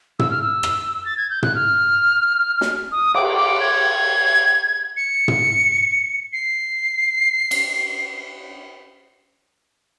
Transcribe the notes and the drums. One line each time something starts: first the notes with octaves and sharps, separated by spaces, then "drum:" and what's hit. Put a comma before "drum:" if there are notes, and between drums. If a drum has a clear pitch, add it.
E6, drum: tom
F6
E6
drum: rim click
A6
G#6
G6
F#6, drum: tom
F6
drum: snare
D#6
D6, drum: cymbal
D6
G#6
C#7
drum: tom
C7
drum: cymbal